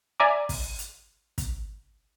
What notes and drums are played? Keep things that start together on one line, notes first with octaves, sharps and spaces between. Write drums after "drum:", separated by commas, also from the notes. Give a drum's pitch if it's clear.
D5 E5 G#5 A#5 D6
drum: kick, open hi-hat
drum: hi-hat
drum: kick, hi-hat